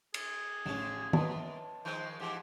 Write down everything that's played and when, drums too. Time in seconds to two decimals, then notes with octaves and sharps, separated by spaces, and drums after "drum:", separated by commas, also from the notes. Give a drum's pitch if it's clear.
0.14 G#4, drum: cymbal
0.66 A1 D3 F3 C#4 E7
1.13 F#2 B4 D#5 A5, drum: tom D#3
1.85 D#3 F3 G#3 C5
2.20 G#2 E3 F3 G4